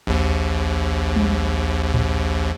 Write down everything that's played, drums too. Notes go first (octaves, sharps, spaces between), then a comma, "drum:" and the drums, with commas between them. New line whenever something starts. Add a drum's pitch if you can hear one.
A#1 D#2
drum: tom G3
drum: tom A2